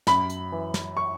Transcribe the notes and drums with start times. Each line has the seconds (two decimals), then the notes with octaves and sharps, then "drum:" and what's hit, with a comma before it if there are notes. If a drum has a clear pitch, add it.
0.07 F#2 B5, drum: snare
0.30 drum: hi-hat
0.52 E3
0.74 drum: snare
0.97 C#6